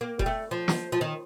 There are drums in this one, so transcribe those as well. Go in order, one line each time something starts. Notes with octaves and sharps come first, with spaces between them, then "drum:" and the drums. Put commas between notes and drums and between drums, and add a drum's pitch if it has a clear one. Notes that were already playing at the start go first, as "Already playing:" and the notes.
A#3
G3, drum: kick F1
A3
F3
drum: snare
F3
D#3